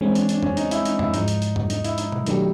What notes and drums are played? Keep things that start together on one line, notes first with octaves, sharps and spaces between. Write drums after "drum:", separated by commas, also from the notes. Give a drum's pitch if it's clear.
E3 G#3 C4 C#4
D4, drum: hi-hat
D4, drum: hi-hat
C#4, drum: tom
D#4, drum: hi-hat
E4, drum: hi-hat
D#4, drum: hi-hat
E4, drum: tom
G#2 F3 G#3 D#4, drum: hi-hat
drum: hi-hat
drum: hi-hat
drum: tom
D#4, drum: hi-hat
E4, drum: hi-hat
D#4, drum: hi-hat
drum: tom B2
D#3 F#3 A3 D4 G4, drum: hi-hat